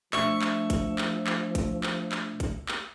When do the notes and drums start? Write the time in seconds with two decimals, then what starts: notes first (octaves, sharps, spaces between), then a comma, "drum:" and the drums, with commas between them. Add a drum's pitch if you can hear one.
0.13 F3 A3 D4 E5 C#6, drum: clap
0.42 drum: clap
0.70 drum: kick A1, hi-hat
0.98 drum: clap
1.27 drum: clap
1.55 drum: kick A1, hi-hat
1.83 drum: clap
2.12 drum: clap
2.40 drum: kick A1, hi-hat
2.68 drum: clap